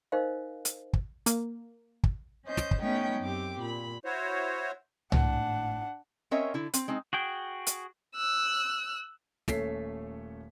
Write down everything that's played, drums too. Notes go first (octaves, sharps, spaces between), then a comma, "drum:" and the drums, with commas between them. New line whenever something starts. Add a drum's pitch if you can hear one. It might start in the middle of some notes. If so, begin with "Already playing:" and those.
D#4 A#4 C5 D#5 F5
drum: hi-hat
drum: kick
A#3, drum: hi-hat
drum: kick
C#4 C5 D#5 G6
drum: snare
drum: kick
A3 B3 C#4 D#4 D#5 G5
F#2 C4 G4 D6
A#2 B5
E4 F#4 C5 C#5
G#1 A2 D4 F#5, drum: tom C2
C4 C#4 A#4 C#5 D#5 E5
D3 E4
C4, drum: hi-hat
G#3 C4 D#4
F#4 G#4 G5
drum: hi-hat
E6 F#6
D#1 A3 C#4 A4 B6 C7, drum: snare